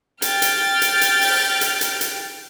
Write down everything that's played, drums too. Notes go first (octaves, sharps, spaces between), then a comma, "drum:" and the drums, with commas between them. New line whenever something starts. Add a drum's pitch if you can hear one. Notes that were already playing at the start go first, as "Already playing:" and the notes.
G5 F6 A6, drum: hi-hat
drum: hi-hat
drum: hi-hat
drum: hi-hat
drum: open hi-hat
drum: hi-hat
drum: hi-hat
drum: hi-hat